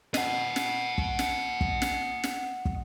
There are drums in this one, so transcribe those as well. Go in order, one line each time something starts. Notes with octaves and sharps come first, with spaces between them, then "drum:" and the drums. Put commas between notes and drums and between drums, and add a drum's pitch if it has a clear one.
D#5 F#5, drum: snare
drum: snare
drum: kick
drum: snare
drum: kick
drum: snare
drum: snare
drum: kick